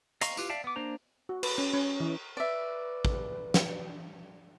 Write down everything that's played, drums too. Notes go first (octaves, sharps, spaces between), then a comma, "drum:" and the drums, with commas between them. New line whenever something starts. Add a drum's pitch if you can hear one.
D#5 F5 A#5 C6 C#6, drum: hi-hat
E4 F4 G4 B4 F5, drum: tambourine
D5 E5 F5 G5 A5
B3 D6
A#3 D4 C5 A#5
F#4
B4, drum: cymbal
C#4
C#4
E3
B4 D5 E5
drum: kick
drum: snare